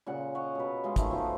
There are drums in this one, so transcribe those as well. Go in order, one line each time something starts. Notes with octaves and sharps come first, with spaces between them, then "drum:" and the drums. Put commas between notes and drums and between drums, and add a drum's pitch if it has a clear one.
A#2 C#3 F#5
C#5 D#5 F#5
B2 B4
G#3 D#5 F5 G#5
D#3 A3 A#3, drum: kick, hi-hat
F3 B3 C5